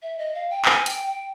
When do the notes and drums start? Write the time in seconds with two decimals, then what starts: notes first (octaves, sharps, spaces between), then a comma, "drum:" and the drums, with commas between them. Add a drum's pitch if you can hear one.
0.02 E5
0.18 D#5
0.34 F5
0.50 G5
0.65 G#5, drum: clap
0.86 G5, drum: hi-hat
1.07 G5